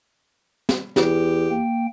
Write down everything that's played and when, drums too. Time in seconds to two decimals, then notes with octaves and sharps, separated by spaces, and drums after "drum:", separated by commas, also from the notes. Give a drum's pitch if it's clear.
0.69 drum: snare
0.96 E2 G4, drum: snare
1.49 A#3 G5